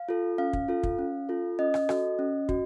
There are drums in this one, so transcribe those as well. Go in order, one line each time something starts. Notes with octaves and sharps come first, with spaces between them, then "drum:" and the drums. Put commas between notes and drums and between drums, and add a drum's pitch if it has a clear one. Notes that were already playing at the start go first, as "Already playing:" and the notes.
Already playing: F5
F4 A4
C#4 F5
drum: kick
F4 A4
drum: kick
C#4
F4 A4
C#4 D#5
drum: rim click
F#4 A4, drum: rim click
C#4
F#4, drum: kick